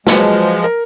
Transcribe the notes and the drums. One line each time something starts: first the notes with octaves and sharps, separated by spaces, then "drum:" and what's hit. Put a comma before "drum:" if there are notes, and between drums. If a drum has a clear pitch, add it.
F3 F#3 G#3 B4 C#7, drum: snare
A#4